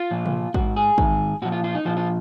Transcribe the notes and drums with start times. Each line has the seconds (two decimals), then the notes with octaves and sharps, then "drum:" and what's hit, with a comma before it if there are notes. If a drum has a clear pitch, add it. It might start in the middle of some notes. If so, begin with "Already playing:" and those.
Already playing: F4
0.11 A#2 F3
0.26 drum: tom C3
0.54 G#2 D#3 F#4, drum: kick A1
0.76 G#4
0.98 G#2 D#3, drum: kick A1
1.42 A#2 F3 F#4
1.52 F4
1.64 F4
1.75 D#4
1.85 A#2 F3 F4
1.97 F4